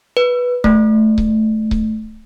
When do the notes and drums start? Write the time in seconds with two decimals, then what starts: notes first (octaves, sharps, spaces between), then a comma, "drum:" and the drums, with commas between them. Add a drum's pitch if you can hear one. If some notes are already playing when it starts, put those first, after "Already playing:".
0.17 B4
0.64 A3, drum: kick C#1
1.18 drum: kick C#1
1.71 drum: kick C#1